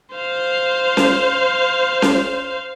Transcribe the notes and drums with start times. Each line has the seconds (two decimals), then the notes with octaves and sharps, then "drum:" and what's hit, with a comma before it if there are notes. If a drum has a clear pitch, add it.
0.16 C5 F5
0.97 drum: snare C#4
2.02 drum: snare C#4